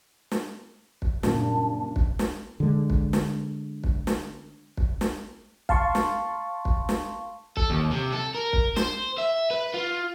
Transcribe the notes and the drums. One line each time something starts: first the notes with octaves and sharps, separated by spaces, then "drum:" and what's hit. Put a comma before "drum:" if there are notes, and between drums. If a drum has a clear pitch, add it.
drum: snare
drum: kick
F#1 G2 A#2 A5, drum: snare
drum: kick
drum: snare
D3 G#3
drum: kick
drum: snare
drum: kick
drum: snare
drum: kick
drum: snare
F5 A5 C6 C#6, drum: kick
drum: snare
drum: kick
drum: snare
A4, drum: kick
D#2
C3
A4
A#4
drum: kick
C5, drum: snare
E5
B4
F4